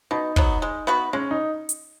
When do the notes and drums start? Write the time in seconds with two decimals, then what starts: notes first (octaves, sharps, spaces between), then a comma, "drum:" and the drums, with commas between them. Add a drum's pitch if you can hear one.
0.11 B2 D#4
0.36 F#3 B3, drum: kick
0.62 G#3
0.87 B3 F#4 B4
1.13 G#3 C#4
1.31 D#4
1.69 drum: hi-hat